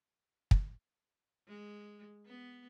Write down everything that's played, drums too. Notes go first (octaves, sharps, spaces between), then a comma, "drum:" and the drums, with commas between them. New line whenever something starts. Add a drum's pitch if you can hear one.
drum: kick
G#3
B3